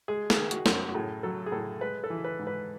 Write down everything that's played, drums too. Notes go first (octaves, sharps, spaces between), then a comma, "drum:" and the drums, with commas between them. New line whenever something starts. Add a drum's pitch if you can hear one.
G#3 G#4
G#4, drum: snare
D#3
F#4, drum: hi-hat
F#2, drum: snare
F#4
F#4
A2 G#4
F#3 A4
G#4
A2 A4
G#3 B4
A4
E3
B4
G#2
B4